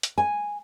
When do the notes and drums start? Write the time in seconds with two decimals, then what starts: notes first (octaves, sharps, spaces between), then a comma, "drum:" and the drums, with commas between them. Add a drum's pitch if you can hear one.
0.03 drum: hi-hat
0.18 G#5